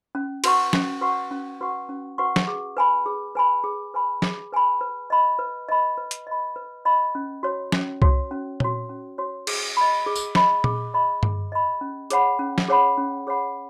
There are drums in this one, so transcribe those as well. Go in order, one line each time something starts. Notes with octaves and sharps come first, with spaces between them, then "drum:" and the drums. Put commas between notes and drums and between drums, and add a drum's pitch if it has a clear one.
C#4
F#4 B4 F#5 C#6, drum: cymbal
C#4, drum: snare
F#4 B4 F#5 C#6
C#4
F#4 B4 F#5 C#6
C#4
F#4 B4 F#5 C#6
drum: snare
G#4
B4 G#5 B5
G#4
B4 G#5 B5
G#4
B4 G#5 B5
G#4, drum: snare
B4 G#5 B5
B4
D#5 B5
B4
D#5 B5
B4
drum: hi-hat
D#5 B5
B4
D#5 B5
C#4
F#4 C#5
C#4, drum: snare
F#4 C#5, drum: kick C2
C#4
F#4 C#5, drum: tom A#2
C#4
F#4 C#5
G#4, drum: cymbal
D#5 B5
G#4
drum: tambourine
D#5 B5, drum: snare
G#4, drum: tom A#2
D#5 B5
G#4, drum: tom G2
D#5 B5
C#4
G#4 C#5 F#5 B5, drum: hi-hat
C#4
drum: snare
G#4 C#5 F#5 B5
C#4
G#4 C#5 F#5 B5